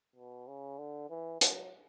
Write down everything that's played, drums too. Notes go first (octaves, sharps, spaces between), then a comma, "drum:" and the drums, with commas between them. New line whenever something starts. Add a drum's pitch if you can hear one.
B2
C#3
D3
E3
F#3, drum: hi-hat